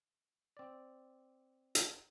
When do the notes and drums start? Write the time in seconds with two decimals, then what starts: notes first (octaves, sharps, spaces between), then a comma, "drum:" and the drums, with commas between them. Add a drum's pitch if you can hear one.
0.57 C4 D5
1.75 drum: hi-hat